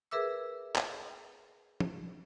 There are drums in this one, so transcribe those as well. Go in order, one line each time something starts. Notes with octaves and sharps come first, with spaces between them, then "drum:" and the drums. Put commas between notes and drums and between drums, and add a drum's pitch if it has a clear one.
G#4 A#4 B4 E5 D6 E6
drum: clap
drum: tom